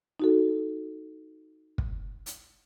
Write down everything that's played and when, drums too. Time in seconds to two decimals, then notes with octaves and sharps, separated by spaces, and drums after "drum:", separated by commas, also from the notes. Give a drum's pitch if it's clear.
0.20 D#4 F#4 A4
1.78 drum: kick
2.26 drum: hi-hat